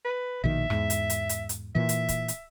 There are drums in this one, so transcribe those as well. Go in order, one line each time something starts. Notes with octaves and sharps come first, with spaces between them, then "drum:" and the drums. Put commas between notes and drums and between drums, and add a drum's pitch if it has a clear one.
B4
A#1 B2 D#3 E5
E2 G#2, drum: rim click
drum: hi-hat
drum: hi-hat
drum: hi-hat
drum: hi-hat
A#2 E3 E5
drum: hi-hat
drum: kick, hi-hat
drum: hi-hat